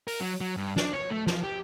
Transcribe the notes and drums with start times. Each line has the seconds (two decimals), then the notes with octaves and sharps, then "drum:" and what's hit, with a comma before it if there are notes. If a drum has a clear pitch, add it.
0.08 A#4, drum: open hi-hat
0.21 F#3
0.41 F#3
0.57 G2
0.76 D4, drum: snare
0.93 C#5
1.10 A3
1.27 F3, drum: snare
1.43 G4